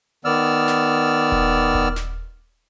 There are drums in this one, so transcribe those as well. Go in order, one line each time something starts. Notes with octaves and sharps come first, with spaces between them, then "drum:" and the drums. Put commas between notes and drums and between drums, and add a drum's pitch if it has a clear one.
D#3 B3 D5 E6 F6
drum: snare
drum: kick D#1
drum: kick D#1
drum: snare